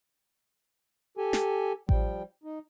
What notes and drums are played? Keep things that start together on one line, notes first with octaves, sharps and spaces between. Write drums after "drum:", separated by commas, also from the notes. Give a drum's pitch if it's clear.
G4 A4 G#5
drum: snare
F3 G3 G5, drum: kick A1
D#4